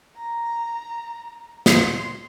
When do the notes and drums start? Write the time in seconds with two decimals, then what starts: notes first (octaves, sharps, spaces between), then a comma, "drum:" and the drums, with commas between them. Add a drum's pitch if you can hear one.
0.16 A#5
1.66 C6, drum: snare